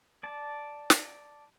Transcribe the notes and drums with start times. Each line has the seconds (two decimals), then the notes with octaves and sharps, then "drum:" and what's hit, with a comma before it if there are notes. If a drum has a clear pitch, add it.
0.23 D5 A5
0.90 drum: snare